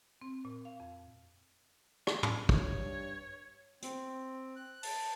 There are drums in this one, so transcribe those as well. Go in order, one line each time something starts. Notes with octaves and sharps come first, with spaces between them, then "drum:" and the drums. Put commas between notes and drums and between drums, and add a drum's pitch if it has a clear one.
C4
A#2
F5
F2
drum: rim click
drum: tom
G2 C#5, drum: kick
C4, drum: hi-hat
F#6
A5, drum: open hi-hat